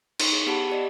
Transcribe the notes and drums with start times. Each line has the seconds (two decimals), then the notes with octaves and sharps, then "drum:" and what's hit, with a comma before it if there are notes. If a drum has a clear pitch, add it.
0.20 D#4 C6 C#6, drum: cymbal
0.32 G#4
0.46 B3 G4 F#5 A5 B5
0.70 G4 D5 D#5